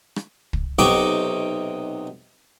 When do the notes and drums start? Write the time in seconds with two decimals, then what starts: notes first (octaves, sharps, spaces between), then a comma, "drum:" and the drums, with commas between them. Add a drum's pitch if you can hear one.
0.16 drum: rim click
0.53 drum: kick
0.79 B1 C3 D#4 G5 C#6 D6